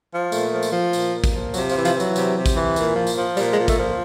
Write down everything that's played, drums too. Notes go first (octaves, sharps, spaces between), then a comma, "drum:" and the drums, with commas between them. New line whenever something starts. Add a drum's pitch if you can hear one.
F3
A#2 A3, drum: tambourine
F3
drum: tambourine
F3
A#2, drum: tambourine
A#2
drum: kick, tambourine
F3
C3 F#3, drum: tambourine
F3, drum: tambourine
E3
F3, drum: tambourine
E3
F#3, drum: tambourine
C3, drum: tambourine
C3
drum: kick, tambourine
E3
A#2, drum: tambourine
F3
drum: tambourine
F3
A#2 G3, drum: tambourine
G#3
A#2
A3, drum: kick, tambourine
F3